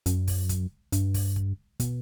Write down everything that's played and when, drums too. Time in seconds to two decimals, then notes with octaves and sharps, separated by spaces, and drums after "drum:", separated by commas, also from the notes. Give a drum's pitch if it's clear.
0.06 F#2, drum: kick, hi-hat
0.27 drum: kick, open hi-hat
0.49 drum: kick, hi-hat
0.92 G2, drum: kick, hi-hat
1.14 drum: kick, open hi-hat
1.36 drum: kick
1.80 B2, drum: kick, hi-hat